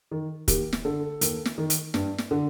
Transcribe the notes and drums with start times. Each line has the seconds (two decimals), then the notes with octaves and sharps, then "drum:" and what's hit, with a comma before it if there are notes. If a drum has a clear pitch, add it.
0.11 D#3
0.48 D#2 G4, drum: kick, hi-hat
0.73 drum: snare
0.85 D3 A4
1.21 D#2, drum: hi-hat
1.45 drum: snare
1.58 D#3
1.70 drum: hi-hat
1.94 G2, drum: snare
2.18 drum: snare
2.31 D3